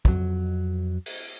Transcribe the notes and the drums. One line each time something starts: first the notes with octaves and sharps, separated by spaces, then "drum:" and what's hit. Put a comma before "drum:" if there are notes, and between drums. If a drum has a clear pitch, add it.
F2 F#3, drum: kick
drum: open hi-hat